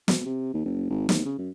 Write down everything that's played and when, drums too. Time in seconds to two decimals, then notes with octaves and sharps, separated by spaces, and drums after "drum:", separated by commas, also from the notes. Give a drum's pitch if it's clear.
0.08 B2, drum: snare
0.25 C3
0.54 D#2
0.65 F#1
0.90 G#1
1.09 D#2, drum: snare
1.25 C#3
1.38 F#2